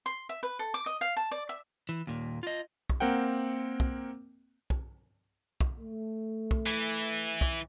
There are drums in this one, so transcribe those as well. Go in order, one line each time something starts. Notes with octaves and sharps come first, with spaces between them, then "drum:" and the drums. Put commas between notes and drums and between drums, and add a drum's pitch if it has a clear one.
C6
E5
B4
A4
D6
D#5
F5
A5
D5
E5
E3
D#2 A#2
F4 D#5
drum: kick
A#3 C4 A#4 F#5 G5
drum: kick
drum: kick
drum: kick
A3
drum: kick
E3
drum: kick